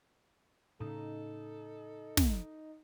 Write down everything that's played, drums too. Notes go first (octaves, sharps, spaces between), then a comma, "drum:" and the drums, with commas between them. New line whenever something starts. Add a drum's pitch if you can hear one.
A2 C#3 D#4 A4
drum: snare